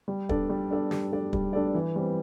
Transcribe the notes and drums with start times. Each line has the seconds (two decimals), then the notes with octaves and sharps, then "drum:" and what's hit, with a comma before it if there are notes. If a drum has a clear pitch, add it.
0.08 G3
0.29 D4 A4 D5, drum: kick
0.49 G3
0.71 D4 A4 D5
0.91 G3, drum: snare
1.12 D4 A4 D5
1.33 G3, drum: kick
1.53 D4 A4 D5
1.74 E3
1.96 G3 C4